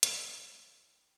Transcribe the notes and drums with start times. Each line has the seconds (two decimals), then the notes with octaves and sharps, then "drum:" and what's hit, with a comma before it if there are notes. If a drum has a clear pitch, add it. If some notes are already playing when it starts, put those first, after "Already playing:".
0.03 drum: hi-hat
0.21 F#7
0.75 E4
0.93 G5